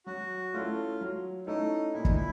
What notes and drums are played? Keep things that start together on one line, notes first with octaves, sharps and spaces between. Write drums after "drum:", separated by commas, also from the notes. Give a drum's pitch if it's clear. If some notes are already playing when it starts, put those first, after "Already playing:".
F#3 F#4
A3 C#4 E4 F4 A4
F#3
A3 C#4 D#4 E4 A4
A#2 E4
D#4, drum: kick
E4